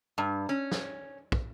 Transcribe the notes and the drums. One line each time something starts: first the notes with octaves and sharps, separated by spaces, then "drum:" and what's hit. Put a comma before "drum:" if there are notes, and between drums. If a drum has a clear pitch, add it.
G2
C#4
drum: snare
drum: kick